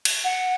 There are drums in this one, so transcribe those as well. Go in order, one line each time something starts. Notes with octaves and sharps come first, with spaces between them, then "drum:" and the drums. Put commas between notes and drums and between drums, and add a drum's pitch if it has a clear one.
drum: cymbal
F#5